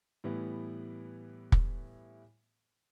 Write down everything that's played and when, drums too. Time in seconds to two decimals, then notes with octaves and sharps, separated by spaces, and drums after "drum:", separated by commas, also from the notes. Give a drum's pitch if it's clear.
0.24 A2 E3 G3 B3
1.52 drum: kick